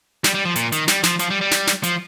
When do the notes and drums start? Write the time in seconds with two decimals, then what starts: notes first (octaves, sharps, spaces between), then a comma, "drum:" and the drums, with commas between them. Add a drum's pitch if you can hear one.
0.24 G3, drum: snare
0.35 G3
0.45 F3
0.56 A#2, drum: hi-hat
0.72 D#3, drum: hi-hat
0.88 G3, drum: snare
1.03 F3, drum: snare
1.19 F3, drum: hi-hat
1.30 G3
1.41 G3
1.51 drum: snare
1.67 drum: snare
1.83 F3, drum: hi-hat